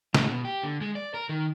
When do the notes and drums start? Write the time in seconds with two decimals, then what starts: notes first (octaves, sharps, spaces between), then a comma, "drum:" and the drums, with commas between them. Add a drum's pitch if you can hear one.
0.14 A2, drum: snare
0.29 B2
0.45 G4
0.63 D3
0.81 G#3
0.95 D5
1.14 A#4
1.29 D#3